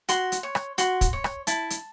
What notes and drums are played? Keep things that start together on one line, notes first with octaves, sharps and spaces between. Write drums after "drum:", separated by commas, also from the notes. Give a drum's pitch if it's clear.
F#4 C6, drum: hi-hat
drum: hi-hat
C#5
drum: rim click
F#4 C6, drum: hi-hat
drum: kick, hi-hat
C#5
drum: rim click
E4 A5, drum: hi-hat
drum: hi-hat